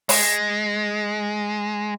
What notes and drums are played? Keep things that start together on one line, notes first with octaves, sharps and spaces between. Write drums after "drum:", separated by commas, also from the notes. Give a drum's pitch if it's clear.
G#3, drum: open hi-hat